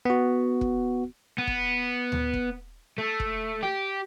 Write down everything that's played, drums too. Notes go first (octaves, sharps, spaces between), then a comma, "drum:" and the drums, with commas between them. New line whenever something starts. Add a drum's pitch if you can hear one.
B3 F#4
drum: kick
B3
drum: kick
drum: tom D2
drum: kick
A3
drum: kick
G4